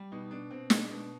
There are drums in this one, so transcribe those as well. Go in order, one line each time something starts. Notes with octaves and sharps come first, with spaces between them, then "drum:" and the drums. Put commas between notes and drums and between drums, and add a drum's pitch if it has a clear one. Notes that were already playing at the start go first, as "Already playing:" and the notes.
Already playing: G3
B2 D#4
B2 D4
B2 C4
G#3 D4, drum: snare
B2